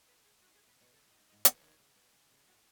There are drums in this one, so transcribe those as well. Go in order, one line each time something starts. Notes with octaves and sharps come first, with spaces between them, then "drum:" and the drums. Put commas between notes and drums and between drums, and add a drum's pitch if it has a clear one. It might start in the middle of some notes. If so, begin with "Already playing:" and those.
Already playing: A2
B4
G#4
G#2 F#4
A2 G#4
B2 B4
B2 C#5
C#3 A4
A2
D#5
G#2
D#5
G#2
E3 C#5, drum: hi-hat
D#3
C#3
B2
C#3
C#3
A2 F#4